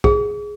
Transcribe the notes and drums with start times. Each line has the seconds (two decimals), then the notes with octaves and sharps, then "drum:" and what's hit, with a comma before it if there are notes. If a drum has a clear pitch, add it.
0.04 G#4, drum: kick A#1